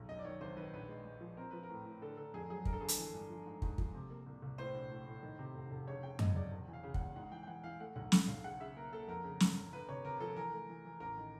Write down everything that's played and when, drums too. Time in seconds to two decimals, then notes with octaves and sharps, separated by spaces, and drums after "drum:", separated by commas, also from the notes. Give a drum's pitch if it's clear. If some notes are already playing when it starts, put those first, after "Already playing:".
Already playing: B1
0.09 F#2 D#5
0.19 D5
0.25 D#3 C#5
0.41 G#1 C5
0.57 D#3 B4
0.73 A#1 B4
0.89 G#3
1.05 G#3
1.21 F3
1.37 C4 A#4
1.51 F3 B4
1.63 A#4
1.69 A2
1.85 A2
2.02 D3 A4
2.17 D3 A4
2.33 F2 G#4
2.50 F#3 G#4
2.65 G2 A#4, drum: kick
2.73 A4
2.81 G1 G#4
2.88 A4, drum: hi-hat
2.98 E3
3.14 G2
3.30 F3
3.46 G#2
3.62 G#2, drum: kick
3.78 F3, drum: kick
3.94 C3
4.10 A#3
4.26 C2
4.42 C2
4.58 A2 C5
4.75 A#1
4.91 A2
5.07 A2
5.23 D#3
5.39 C3
5.54 F1
5.71 F1
5.87 C#3 C#5
6.03 C#3 G5
6.19 F#2 D#5, drum: tom F#2
6.35 C#3 D5
6.51 E1
6.68 E3
6.73 F5
6.84 C#3
6.94 F#5, drum: kick
6.99 E2
7.16 G#2 F#5
7.32 E3 G5
7.43 G5
7.47 E3 F#5
7.64 E3 F5
7.80 A3 F#5
7.96 B1 F#5
8.12 A3, drum: snare
8.28 B1 F5
8.44 C#3 F#5
8.60 C#3 E5
8.76 A#3 A#4
8.92 A#3 A4
9.08 F2 A#4
9.24 C#3
9.40 G1, drum: snare
9.56 G1
9.72 D2 B4
9.88 C3 C#5
10.04 C3 A#4
10.20 F3 A4
10.36 E3 A#4
10.53 A3
10.69 E3
10.85 E3
11.00 A1 A#4
11.17 D#3